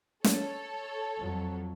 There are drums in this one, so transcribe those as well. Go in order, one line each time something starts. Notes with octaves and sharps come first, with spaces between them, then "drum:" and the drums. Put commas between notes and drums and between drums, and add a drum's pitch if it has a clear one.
A4 C#5, drum: snare
F2 F#3